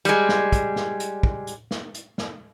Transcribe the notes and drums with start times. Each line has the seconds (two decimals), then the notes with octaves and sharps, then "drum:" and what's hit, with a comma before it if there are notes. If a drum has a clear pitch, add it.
0.05 G3 G#3, drum: hi-hat
0.29 drum: snare
0.52 drum: kick, hi-hat
0.76 drum: snare
1.00 drum: hi-hat
1.23 drum: kick
1.47 drum: hi-hat
1.71 drum: snare
1.94 drum: hi-hat
2.18 drum: snare